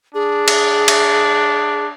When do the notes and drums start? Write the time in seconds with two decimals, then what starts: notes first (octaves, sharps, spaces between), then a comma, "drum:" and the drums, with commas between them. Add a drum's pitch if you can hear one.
0.15 D4 G#4
0.48 drum: cymbal
0.88 drum: cymbal